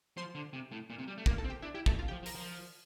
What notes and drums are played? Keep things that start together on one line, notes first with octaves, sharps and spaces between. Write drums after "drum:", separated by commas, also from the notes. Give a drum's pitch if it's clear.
F3 C5 C6
D3
C3
A2
A#2
C3
G3
A3
A#3 A#4 A#5, drum: kick
A4 A5
C4
G4 G5
D4 E4 E5
E4 G4 G5
A3 A4 A5, drum: kick
F4 F5
G4 G5
F3
F3
A#4 A#5, drum: open hi-hat
F3